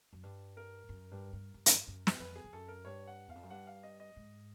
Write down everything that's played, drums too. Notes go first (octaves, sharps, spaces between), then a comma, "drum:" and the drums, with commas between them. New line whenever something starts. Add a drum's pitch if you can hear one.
F#2
G2
A#4
F#2
G2
G2
G2
drum: hi-hat
F#2
drum: snare
F2 B4
G#4
F2
F#2 A4
A#4
G2 C#5
F#5
E2 F5
F2
F#2
G2 F#5
F5
D#5
D#5
G#2